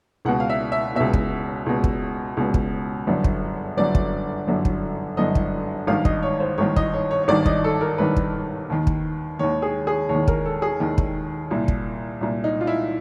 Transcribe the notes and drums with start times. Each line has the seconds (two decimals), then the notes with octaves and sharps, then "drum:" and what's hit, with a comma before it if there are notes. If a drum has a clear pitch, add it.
0.25 C#2 B2 F#5
0.40 F5
0.50 E5
0.72 E5
0.95 C#2 B2 E5
1.13 drum: kick
1.66 C#2 B2
1.84 drum: kick
2.37 C#2 B2
2.54 drum: kick
3.07 G1 F#2 D3
3.24 drum: kick
3.77 G1 F#2 D3 D5
3.95 drum: kick
4.47 G1 F#2 D3
4.65 drum: kick
5.17 G1 F#2 D3 D#5
5.35 drum: kick
5.87 G#1 G2 D#3 F5
6.05 D#5, drum: kick
6.23 C#5
6.40 C5
6.58 G#1 G2 D#3 C#5
6.76 D#5, drum: kick
6.93 C#5
7.11 C#5
7.23 C#5
7.28 G#1 G2 D#3 D5
7.46 D#5, drum: kick
7.64 A4
7.81 A#4
7.98 G#1 G2 D#3 B4
8.16 drum: kick
8.70 D#2 D#3
8.87 drum: kick
9.39 D#2 D#3 C#5
9.62 G#4
9.87 G#4
10.09 D#2 C#5
10.15 D#3
10.28 A#4, drum: kick
10.46 A4
10.62 G#4
10.80 D#2 D#3
10.98 drum: kick
11.51 C2 A#2
11.68 drum: kick
12.21 C2 A#2
12.44 D#4
12.61 F4
12.67 E4